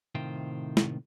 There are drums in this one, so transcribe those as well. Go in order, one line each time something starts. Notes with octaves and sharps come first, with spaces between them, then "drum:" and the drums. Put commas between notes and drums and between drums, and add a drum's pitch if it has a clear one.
A2 C3 D#3 F4 C5 G5
drum: snare